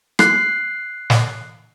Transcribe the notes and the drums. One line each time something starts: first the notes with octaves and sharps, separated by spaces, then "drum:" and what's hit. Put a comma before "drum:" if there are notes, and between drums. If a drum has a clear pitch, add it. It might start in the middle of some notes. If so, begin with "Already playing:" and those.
F#6 C7, drum: rim click
drum: snare